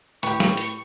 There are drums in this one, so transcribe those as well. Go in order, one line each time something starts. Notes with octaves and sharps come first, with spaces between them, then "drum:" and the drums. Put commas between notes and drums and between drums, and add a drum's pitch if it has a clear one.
A2 G4 B4 G5 C#6, drum: hi-hat
drum: snare
drum: hi-hat